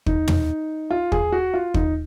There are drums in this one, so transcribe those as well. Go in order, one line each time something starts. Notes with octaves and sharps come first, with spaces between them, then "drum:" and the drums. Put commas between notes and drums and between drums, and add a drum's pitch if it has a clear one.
D#4, drum: kick
drum: tom
F4
G#4, drum: kick
F#4
F4
D#4, drum: kick